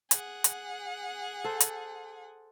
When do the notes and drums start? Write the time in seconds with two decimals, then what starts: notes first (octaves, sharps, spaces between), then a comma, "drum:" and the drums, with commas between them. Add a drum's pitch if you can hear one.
0.11 G#4 F#5, drum: hi-hat
0.44 drum: hi-hat
1.44 A4 C5
1.60 drum: hi-hat